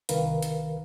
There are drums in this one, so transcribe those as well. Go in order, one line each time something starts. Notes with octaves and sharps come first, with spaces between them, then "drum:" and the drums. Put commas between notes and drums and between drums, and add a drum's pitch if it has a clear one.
C2 D#3 A#4 B4 F5, drum: hi-hat
drum: hi-hat